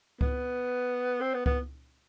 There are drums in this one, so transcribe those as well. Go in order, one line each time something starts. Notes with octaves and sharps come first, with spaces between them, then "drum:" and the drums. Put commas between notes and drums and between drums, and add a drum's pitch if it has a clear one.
B3, drum: kick C#2
C4
B3
B3, drum: kick C#2